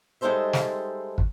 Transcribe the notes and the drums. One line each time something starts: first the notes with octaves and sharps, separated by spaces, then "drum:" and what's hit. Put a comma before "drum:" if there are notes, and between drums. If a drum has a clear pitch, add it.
G3 G#3 D#4 A4 C5 E5
drum: snare
drum: kick